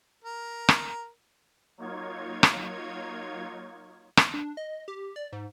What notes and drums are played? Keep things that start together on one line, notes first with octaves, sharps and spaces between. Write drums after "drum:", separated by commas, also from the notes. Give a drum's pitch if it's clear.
A#4
drum: rim click
F#3 A#3 D#4 F4 C#5 G#6
drum: rim click
drum: rim click
D4
D#5
G4
D5
G#2